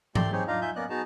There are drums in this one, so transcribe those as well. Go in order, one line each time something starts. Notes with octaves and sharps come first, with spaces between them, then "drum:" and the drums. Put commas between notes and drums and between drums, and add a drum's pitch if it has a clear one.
A3 G4 D5 C6, drum: tom G#2
C4 D#4 G4 G#4 C#5
D4 D#4 F4 D#5 F5 A#5
D#4 F4 E5 G#5 G6
A#3 B3 C#4 D5 D#5 F#6
B3 D#4 F#4 G#4 A5 A#5